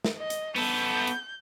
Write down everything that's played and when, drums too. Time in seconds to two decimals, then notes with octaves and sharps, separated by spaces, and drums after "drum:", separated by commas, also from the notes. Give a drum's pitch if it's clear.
0.05 drum: snare
0.19 D#5
0.30 drum: hi-hat
0.56 B3 A4 G6, drum: open hi-hat
1.07 drum: hi-hat